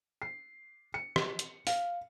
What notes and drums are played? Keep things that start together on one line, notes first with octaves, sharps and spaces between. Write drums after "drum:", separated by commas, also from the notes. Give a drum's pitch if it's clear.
C7
C#7
drum: rim click
drum: hi-hat
F5, drum: open hi-hat